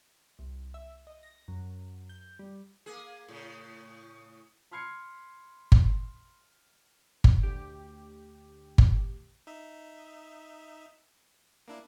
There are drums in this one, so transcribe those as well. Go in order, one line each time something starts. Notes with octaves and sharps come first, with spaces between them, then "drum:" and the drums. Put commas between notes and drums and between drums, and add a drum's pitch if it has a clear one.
C2
E5
D#5
A#6
F#2
G6
G3
A#3 G#4
A2 C#3
B5 C6 F6 G#6 C7 C#7
drum: kick G1
drum: kick G1
D2 G4
drum: kick G1
D#4 E5
A#3 D4 E4